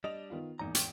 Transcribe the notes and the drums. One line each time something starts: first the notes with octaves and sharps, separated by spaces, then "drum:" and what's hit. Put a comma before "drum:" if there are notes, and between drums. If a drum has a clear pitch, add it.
G3 D4 D#5 F7
D#3 B3 F4
G#1 E2 A#3 D#4 A#5
G5, drum: hi-hat